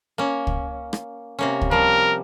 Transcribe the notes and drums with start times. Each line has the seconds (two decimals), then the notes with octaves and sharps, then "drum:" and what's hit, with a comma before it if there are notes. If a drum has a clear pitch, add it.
0.18 A#3 C#4
0.47 drum: kick
0.93 drum: rim click
1.39 C3 A#3 C#4
1.61 drum: kick
1.71 F3 G3 A#4